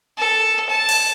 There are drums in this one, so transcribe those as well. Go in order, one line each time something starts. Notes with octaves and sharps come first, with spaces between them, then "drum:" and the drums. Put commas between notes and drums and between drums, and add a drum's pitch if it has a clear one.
A4
A5
drum: open hi-hat